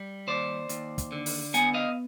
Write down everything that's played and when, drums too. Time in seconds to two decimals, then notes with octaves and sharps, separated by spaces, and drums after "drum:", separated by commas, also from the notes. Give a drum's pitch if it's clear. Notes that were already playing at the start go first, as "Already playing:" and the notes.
Already playing: G3
0.27 D#2 C5 D5
0.69 D#2, drum: hi-hat
0.98 drum: kick, hi-hat
1.12 D3
1.26 drum: open hi-hat
1.54 B3 F#5 G#5, drum: hi-hat
1.74 D#5 F5